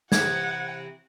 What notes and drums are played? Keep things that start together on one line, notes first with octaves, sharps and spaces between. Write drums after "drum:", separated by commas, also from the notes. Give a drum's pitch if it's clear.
C3 E3 F#5 G#6, drum: snare